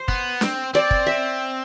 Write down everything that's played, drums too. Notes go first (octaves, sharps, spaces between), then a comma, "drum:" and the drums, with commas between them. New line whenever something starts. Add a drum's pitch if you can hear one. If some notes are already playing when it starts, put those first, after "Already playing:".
Already playing: C5
B3, drum: kick
C4, drum: snare D4
C4 D5
drum: kick
E5